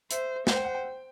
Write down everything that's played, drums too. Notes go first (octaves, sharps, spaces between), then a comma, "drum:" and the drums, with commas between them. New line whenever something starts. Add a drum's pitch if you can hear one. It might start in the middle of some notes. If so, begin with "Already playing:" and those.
C5 E5, drum: hi-hat
C5 F#5, drum: snare
G5
F#5
G5